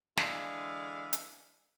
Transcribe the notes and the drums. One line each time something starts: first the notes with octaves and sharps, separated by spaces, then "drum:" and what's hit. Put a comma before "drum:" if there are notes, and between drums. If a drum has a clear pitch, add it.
D3 E3 G#3 G#4 D5 F5, drum: snare
drum: hi-hat